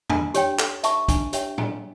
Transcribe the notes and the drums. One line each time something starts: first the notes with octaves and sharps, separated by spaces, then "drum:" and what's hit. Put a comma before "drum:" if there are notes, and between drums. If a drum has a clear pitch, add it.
D4, drum: tom E2
G4 C#5 G5, drum: hi-hat
A4, drum: clap
E5 A5 C#6, drum: hi-hat
D4, drum: kick B1, hi-hat
G4 C#5 E5 G5, drum: hi-hat
D4, drum: tom A2